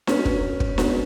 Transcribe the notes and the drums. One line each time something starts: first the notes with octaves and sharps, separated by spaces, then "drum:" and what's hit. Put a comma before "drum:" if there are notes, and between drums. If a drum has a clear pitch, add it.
B3 C#4 F#4 B4, drum: snare D4
drum: kick
drum: kick
B3 F#4 B4, drum: snare D4